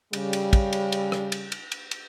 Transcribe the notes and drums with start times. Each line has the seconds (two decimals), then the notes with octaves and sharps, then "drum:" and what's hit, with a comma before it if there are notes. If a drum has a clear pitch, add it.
0.13 C#3 G3, drum: cymbal
0.33 drum: cymbal
0.53 drum: kick, cymbal
0.73 drum: cymbal
0.92 drum: cymbal
1.12 drum: rim click
1.32 drum: cymbal
1.52 drum: cymbal
1.72 drum: cymbal
1.91 drum: cymbal